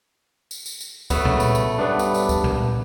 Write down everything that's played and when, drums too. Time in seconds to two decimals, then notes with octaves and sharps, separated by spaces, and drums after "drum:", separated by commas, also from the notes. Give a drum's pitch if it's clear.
0.51 drum: tambourine
0.66 drum: tambourine
0.81 drum: tambourine
1.10 C#3 F#3 A3 B3, drum: kick C#2, tambourine
1.25 drum: tom A#2
1.40 drum: tambourine
1.55 drum: tambourine
1.79 G2 B3 D4
1.99 drum: tambourine
2.14 drum: tambourine
2.29 drum: kick C#2, tambourine
2.44 drum: tom A#2